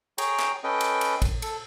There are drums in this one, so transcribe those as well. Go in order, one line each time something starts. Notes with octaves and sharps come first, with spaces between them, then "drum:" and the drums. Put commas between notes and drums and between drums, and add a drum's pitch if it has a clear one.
G#4 C#5 G5 A#5, drum: cymbal
drum: clap
C#4 A4 B4 D#5 G5
drum: cymbal
drum: cymbal
drum: kick, cymbal
A4, drum: cymbal